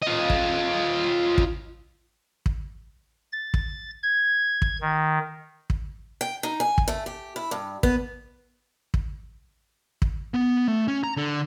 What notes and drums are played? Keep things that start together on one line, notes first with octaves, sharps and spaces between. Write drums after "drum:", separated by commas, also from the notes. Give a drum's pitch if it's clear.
F4 D#5
drum: kick
drum: kick
drum: kick
A6
drum: kick
G#6
drum: kick
D#3
drum: kick
G5
D#4
G#5
drum: kick
A3
G4
E4
G2
B3, drum: kick
drum: kick
drum: kick
B3
A3
C#4
A#5
D3